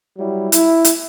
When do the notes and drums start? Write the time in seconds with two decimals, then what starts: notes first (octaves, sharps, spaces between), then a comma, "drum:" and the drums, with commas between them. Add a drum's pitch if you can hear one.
0.18 F#3 G3 E4
0.52 E4, drum: hi-hat
0.85 drum: hi-hat